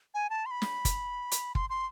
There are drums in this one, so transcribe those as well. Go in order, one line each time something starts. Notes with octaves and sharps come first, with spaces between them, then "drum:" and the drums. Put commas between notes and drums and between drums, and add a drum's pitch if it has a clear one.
G#5
A5
C6
B5
drum: snare
drum: kick, hi-hat
drum: hi-hat
C6, drum: kick
C6